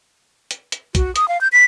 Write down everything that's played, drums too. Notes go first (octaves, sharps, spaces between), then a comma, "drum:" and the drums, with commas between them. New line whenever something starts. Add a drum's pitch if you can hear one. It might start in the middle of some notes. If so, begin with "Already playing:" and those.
drum: hi-hat
drum: hi-hat
F#4, drum: kick, hi-hat
D#6, drum: hi-hat
F5
G6
B6